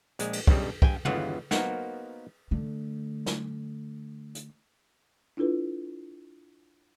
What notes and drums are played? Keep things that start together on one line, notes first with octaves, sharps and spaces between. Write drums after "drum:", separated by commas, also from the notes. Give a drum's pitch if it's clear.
A#1 G#3, drum: hi-hat
drum: cymbal
B1 G2 C#3 G3, drum: kick
G2 G5 G#5, drum: kick
G1 D#2 C#3 E3 F4 F#5, drum: tom
A#3 B3 D#4 F#4 A#4 C5, drum: snare
D3 A3
drum: snare
drum: hi-hat
D4 E4 F4 A4 B4